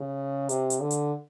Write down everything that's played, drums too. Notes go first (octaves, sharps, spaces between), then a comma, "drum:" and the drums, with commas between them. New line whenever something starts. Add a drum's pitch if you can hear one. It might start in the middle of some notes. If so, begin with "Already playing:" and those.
Already playing: C#3
C3, drum: hi-hat
drum: hi-hat
D3
drum: hi-hat